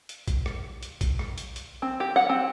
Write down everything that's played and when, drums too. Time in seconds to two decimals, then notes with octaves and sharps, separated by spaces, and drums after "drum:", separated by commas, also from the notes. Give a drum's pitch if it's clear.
0.09 drum: hi-hat
0.28 drum: kick A#1, hi-hat
0.46 drum: rim click
0.83 drum: hi-hat
1.01 drum: kick A#1, hi-hat
1.19 drum: rim click
1.38 drum: hi-hat
1.56 drum: hi-hat
1.82 C4
2.00 G4
2.16 F#5
2.29 C4